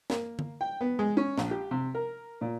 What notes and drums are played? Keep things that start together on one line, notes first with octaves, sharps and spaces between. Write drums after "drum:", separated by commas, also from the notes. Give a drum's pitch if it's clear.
A#3, drum: snare
drum: tom
G5
B3
G#3
C#4
A#1, drum: snare
G4
C3
A#4
A#2